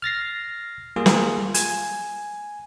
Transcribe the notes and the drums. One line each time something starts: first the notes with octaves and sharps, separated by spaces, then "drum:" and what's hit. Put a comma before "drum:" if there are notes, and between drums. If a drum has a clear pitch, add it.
F6 A6 A#6 C7
G3 A#3 F4 G#4
drum: snare
G#5, drum: hi-hat